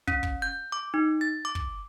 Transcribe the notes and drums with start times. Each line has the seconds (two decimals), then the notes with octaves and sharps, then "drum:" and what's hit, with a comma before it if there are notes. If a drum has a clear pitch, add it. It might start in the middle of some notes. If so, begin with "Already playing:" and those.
0.07 C#4, drum: kick
0.23 drum: kick
0.42 G6
0.72 D6
0.94 D#4
1.21 A6
1.45 D6
1.55 drum: kick